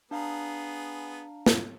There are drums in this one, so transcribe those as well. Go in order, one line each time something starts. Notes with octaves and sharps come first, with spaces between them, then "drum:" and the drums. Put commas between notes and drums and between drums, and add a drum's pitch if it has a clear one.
B3 D4 G#4 F5 A#5
drum: snare